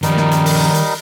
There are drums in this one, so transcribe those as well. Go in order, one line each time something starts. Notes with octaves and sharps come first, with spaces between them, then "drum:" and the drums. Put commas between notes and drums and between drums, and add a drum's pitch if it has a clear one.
G2 D#3 F3 G3 D#4 A#4, drum: hi-hat
drum: snare
drum: hi-hat
drum: open hi-hat
drum: hi-hat